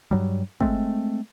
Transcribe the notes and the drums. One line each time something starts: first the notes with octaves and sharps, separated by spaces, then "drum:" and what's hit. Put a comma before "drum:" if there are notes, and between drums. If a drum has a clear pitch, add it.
G2 F#3 G3
G#3 A3 C4, drum: kick